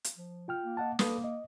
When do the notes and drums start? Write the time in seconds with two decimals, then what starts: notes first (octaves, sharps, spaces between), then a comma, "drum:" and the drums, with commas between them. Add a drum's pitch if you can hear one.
0.04 drum: hi-hat
0.17 F3
0.48 F4 G5 F6
0.63 A#3
0.77 D#5 F#5 A5
0.99 A#3 A4 B4 D#6, drum: snare
1.24 D#5